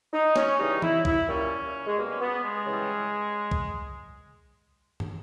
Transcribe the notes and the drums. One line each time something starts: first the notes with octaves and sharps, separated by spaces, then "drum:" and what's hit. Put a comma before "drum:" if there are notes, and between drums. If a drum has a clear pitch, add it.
D#4
C#4, drum: snare
C#3 E3 G3 D#4
E4, drum: tom E3
E4, drum: kick B1
A#2 G3 C#4
G#3
B2 G3 A#3
C#4
B3
G#3
C#3 E3 G3
drum: kick B1
drum: tom